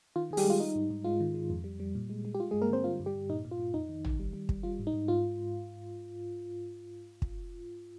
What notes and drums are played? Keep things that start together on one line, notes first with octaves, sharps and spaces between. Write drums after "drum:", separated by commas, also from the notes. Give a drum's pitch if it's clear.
D#3 F4
D#3 G#4
G3 G4, drum: open hi-hat
G#3
F4
G3 D#4
G#2
G#2
G#3 F4
D#3
G#3
F2
G3
G3
A#2
G#3
G#3
G4
G#3 F4
G#3 G#4
G2
A#3 A#4
D3 C4 C5
G3 F4
G2
G3 G4
G2
A#2 D#4
A#2
F4
A#2
F2 D#4
D#3
D#3, drum: tom
G3
G3
G3, drum: kick
G3 F4
G#2
D#4
G#2
G#2 F4
drum: kick